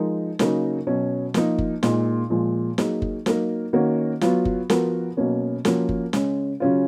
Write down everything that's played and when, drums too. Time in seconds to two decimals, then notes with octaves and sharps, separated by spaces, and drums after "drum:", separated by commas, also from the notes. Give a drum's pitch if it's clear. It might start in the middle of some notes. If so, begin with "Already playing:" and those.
Already playing: F3 G#3 D#4 A#4
0.39 C#3 F#3 A#3 D#4 A#4, drum: snare
0.87 B2 F#3 C#4
1.34 F3 A#3 D#4, drum: snare
1.58 drum: kick F#1
1.83 A#2 G#3 D#4, drum: snare
2.30 A#2 F3 G#3
2.78 F#3 A#3 D#4 G#4, drum: snare
3.02 drum: kick F#1
3.26 F#3 A#3 D#4 A#4, drum: snare
3.73 D#3 A#3 C#4 F#4
4.21 F#3 B3 F4, drum: snare
4.45 drum: kick F#1
4.70 F3 B3 F#4 A#4, drum: snare
5.17 B2 F#3 A#3 C#4
5.65 F3 A#3 C#4 F#4 A#4, drum: snare
5.89 drum: kick F#1
6.13 C#3 G#3 C#4, drum: snare
6.60 C#3 F#3 C#4 F4